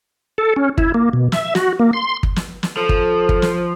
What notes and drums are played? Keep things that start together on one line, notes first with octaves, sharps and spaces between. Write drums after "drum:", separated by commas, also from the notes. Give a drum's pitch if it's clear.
A4
C#4
E4, drum: kick
A#3
B2
E5, drum: snare
F#4, drum: snare
A#3
C6
drum: kick
drum: snare
drum: snare
F3 A4
drum: kick
drum: kick
drum: snare